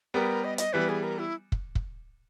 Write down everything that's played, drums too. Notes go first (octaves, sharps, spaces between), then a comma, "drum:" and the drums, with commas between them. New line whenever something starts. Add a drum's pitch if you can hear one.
G3 B3 G4 A#4
D#5
D#5, drum: hi-hat
E3 G3 B3 B4
G#4
A#4
E4
drum: kick
drum: kick